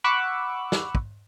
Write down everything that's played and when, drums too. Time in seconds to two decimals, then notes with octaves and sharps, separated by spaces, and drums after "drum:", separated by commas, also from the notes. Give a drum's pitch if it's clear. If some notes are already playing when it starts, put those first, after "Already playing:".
0.04 F#5 B5 C#6 D6 E6 F#6
0.72 drum: snare
0.95 drum: kick